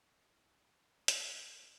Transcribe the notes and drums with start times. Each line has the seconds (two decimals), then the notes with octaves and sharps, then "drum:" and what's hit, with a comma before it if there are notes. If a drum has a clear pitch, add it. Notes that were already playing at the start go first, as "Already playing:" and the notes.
0.06 G5 C#6 F6
0.28 C2 D#4 E4
0.56 C#2 G6
1.08 C#3, drum: hi-hat
1.39 G1 B5 E6